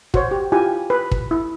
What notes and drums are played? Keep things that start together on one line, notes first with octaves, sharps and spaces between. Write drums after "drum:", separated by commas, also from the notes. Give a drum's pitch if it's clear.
F#4 C5 C#5, drum: kick
G4
E4 F4 G4 G#5
B4
drum: kick
E4